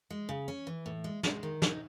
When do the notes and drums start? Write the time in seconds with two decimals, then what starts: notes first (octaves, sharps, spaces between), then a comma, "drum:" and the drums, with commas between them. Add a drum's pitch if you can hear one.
0.10 G#3
0.29 C#3
0.48 C#4
0.67 E3
0.86 A2
1.04 G#3
1.23 G#3, drum: snare
1.43 D#3
1.62 D#4, drum: snare